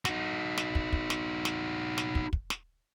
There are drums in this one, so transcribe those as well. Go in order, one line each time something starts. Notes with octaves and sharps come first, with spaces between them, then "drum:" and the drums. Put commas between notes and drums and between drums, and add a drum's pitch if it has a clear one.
D#4 F#4, drum: snare
drum: snare
drum: kick
drum: kick
drum: snare
drum: snare
drum: snare
drum: kick
drum: kick
drum: snare